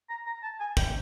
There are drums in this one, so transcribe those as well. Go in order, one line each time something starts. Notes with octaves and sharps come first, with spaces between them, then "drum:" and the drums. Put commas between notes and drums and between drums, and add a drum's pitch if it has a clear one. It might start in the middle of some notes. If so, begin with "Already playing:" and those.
A#5
A#5
A5
G#5
G5, drum: kick